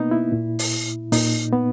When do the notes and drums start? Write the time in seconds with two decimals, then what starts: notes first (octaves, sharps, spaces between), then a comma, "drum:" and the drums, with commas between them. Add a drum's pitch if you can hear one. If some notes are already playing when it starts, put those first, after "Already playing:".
Already playing: B2 A#3 B3 D#4
0.11 E4
0.32 A#2
0.59 drum: open hi-hat
1.12 A#2 D#4, drum: open hi-hat
1.53 B3